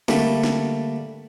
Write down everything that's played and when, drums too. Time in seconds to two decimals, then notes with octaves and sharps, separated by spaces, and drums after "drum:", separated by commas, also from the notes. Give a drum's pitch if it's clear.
0.08 D3 G3 A3 A#3, drum: snare
0.43 drum: snare